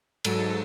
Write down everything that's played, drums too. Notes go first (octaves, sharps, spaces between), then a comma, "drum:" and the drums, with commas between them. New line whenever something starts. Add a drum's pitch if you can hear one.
G#2 F#3 A4, drum: cymbal